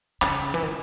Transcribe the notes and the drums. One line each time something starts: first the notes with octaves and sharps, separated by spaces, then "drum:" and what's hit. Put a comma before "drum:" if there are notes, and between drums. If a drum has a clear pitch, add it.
D#3, drum: clap
C#3
E3
D#3